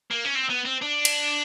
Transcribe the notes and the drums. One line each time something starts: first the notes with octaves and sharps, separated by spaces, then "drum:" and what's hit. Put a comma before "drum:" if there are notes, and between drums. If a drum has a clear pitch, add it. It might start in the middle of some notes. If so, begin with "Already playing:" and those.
A#3
C#4
C4
B3
C4
D4
drum: cymbal